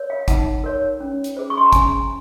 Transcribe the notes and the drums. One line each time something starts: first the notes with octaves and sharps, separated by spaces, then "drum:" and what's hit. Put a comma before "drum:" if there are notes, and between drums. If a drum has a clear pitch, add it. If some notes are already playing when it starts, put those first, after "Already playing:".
Already playing: A#4 C#5
F5
D#4 F#5, drum: kick, hi-hat
A#4 C#5
C#4
drum: hi-hat
G#4 C5
C#6
C6
A#5
C#4 G#5, drum: kick, hi-hat